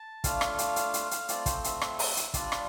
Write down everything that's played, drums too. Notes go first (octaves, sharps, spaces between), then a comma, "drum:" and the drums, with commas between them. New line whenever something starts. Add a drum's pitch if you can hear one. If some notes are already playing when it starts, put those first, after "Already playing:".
Already playing: A5
A3 D4 F4 F5, drum: kick, hi-hat
drum: rim click
drum: hi-hat
drum: hi-hat
drum: hi-hat
drum: hi-hat
A3 C4 F4 D5, drum: hi-hat
C5, drum: kick, hi-hat
E5, drum: hi-hat
drum: rim click
drum: open hi-hat
drum: hi-hat
G3 D4 F4 D5, drum: kick, hi-hat
drum: rim click